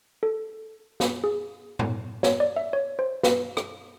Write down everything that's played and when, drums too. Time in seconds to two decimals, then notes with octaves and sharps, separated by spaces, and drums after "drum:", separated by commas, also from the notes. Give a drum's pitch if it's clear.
0.23 A4
1.00 drum: snare
1.24 G#4
1.79 drum: tom A2
2.23 C#5, drum: snare
2.40 D5
2.56 E5
2.73 C#5
2.99 C5
3.24 B4, drum: snare
3.57 drum: rim click